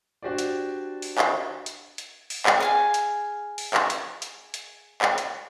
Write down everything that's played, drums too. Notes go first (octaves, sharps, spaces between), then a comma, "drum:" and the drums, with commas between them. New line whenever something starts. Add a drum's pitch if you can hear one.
D4 F#4 G4 C5 D5
drum: hi-hat
drum: open hi-hat
drum: clap
drum: hi-hat
drum: hi-hat
drum: open hi-hat
drum: clap
G#4 F5 G#5
drum: hi-hat
drum: open hi-hat
drum: clap
drum: hi-hat
drum: hi-hat
drum: hi-hat
drum: clap
drum: hi-hat